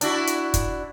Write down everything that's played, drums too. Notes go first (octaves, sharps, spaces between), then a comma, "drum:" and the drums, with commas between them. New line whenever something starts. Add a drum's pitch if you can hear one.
D4 E4 F#4, drum: hi-hat
drum: hi-hat
drum: kick, hi-hat